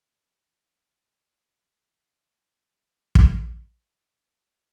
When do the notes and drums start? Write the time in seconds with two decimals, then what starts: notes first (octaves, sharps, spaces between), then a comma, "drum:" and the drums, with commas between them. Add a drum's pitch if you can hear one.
0.16 G3
0.41 E3
2.38 F#3
3.15 drum: kick